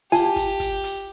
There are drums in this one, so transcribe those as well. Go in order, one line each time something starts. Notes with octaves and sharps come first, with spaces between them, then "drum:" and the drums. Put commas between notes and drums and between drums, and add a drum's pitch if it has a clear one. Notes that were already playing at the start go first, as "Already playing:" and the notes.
F4 G4 F5 G#5 A5, drum: hi-hat
drum: kick, hi-hat
drum: kick, hi-hat
drum: hi-hat